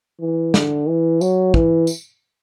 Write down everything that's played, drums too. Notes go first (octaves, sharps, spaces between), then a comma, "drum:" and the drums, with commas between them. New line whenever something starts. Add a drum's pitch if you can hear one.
E3
D3, drum: snare
E3
F#3, drum: tambourine
E3, drum: kick
drum: tambourine